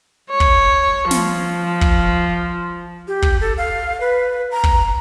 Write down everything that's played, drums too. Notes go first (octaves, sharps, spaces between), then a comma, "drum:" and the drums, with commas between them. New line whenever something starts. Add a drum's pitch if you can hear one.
C#5
drum: kick
F3, drum: snare
drum: kick
G4
drum: kick
A4
F5
B4
A#5
drum: kick